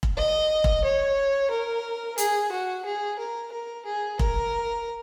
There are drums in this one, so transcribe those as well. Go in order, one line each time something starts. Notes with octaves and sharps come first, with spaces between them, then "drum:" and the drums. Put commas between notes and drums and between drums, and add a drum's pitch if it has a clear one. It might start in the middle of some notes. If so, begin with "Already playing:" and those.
drum: kick
D#5
drum: kick
C#5
A#4
G#4, drum: hi-hat
F#4
G#4
A#4
A#4
G#4
A#4, drum: kick